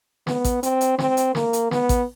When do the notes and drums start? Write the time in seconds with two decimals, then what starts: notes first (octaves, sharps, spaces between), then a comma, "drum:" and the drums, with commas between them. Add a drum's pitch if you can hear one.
0.27 B3, drum: snare
0.45 drum: kick A1, hi-hat
0.63 C4, drum: hi-hat
0.81 drum: hi-hat
0.99 C4, drum: snare
1.17 drum: hi-hat
1.35 A#3, drum: snare
1.53 drum: hi-hat
1.71 B3, drum: snare
1.89 drum: kick A1, hi-hat